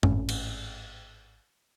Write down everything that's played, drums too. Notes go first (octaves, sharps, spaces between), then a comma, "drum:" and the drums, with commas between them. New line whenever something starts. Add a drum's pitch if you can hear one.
G#1 A2 C#4, drum: tom F#2
drum: cymbal